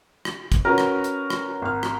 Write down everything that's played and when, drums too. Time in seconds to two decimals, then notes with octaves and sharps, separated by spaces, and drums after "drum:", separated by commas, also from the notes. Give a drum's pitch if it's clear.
0.25 drum: rim click
0.52 drum: kick, hi-hat
0.65 C#4 F#4 A#4 B4
0.78 drum: rim click
1.04 drum: hi-hat
1.30 drum: rim click
1.62 G#1 F6
1.83 drum: rim click